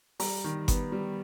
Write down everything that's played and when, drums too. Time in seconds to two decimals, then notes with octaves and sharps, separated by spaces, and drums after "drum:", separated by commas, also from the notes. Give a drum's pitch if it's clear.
0.20 G3 A#5, drum: open hi-hat
0.44 D#3
0.68 B3, drum: kick G1, hi-hat
0.92 G3